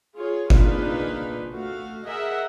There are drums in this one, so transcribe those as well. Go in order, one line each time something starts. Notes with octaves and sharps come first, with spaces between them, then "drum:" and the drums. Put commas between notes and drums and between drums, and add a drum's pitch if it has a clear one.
F4 G#4 C#5
A#3 D4 D#4 F4 G#4 B4, drum: kick G1
A3 F#4 F5
G#4 A#4 D#5 E5 F#5